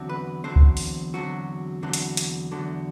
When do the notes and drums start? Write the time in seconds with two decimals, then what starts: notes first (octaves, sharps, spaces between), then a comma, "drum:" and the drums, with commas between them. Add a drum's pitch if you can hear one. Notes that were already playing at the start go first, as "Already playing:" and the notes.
Already playing: E2 D3 F#3 C4
0.09 B4
0.44 E2 D3 F#3 C4 C5
0.56 drum: kick C#2
0.77 drum: open hi-hat
1.14 E2 D3 F#3 C4 F#4
1.83 E2 D3 F#3 C4
1.93 drum: hi-hat
2.17 drum: hi-hat
2.52 E2 D3 F#3